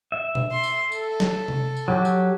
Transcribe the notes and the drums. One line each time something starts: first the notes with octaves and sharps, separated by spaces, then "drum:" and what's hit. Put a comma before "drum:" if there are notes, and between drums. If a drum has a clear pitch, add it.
E5
drum: tom B2
C6
drum: tambourine
A4, drum: tambourine
drum: snare
drum: tom C3
drum: tambourine
F#3 G4
drum: tambourine